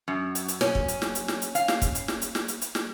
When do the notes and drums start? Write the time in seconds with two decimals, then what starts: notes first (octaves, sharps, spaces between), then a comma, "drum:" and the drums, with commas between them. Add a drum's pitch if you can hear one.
0.08 F#2
0.35 drum: hi-hat
0.48 drum: hi-hat
0.61 C#4, drum: snare
0.75 drum: kick
0.88 drum: hi-hat
1.02 drum: snare
1.15 drum: hi-hat
1.28 drum: snare
1.42 drum: hi-hat
1.55 F5, drum: hi-hat
1.68 drum: snare
1.82 drum: kick, hi-hat
1.95 drum: hi-hat
2.08 drum: snare
2.22 drum: hi-hat
2.35 drum: snare
2.48 drum: hi-hat
2.62 drum: hi-hat
2.75 drum: snare